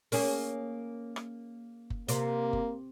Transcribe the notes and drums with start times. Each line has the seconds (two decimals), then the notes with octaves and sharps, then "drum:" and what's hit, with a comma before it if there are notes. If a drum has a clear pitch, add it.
0.12 A#3 C#4 G#4, drum: open hi-hat
1.16 drum: rim click
1.90 drum: kick F#1
2.08 C3 A#3, drum: hi-hat
2.53 drum: kick F#1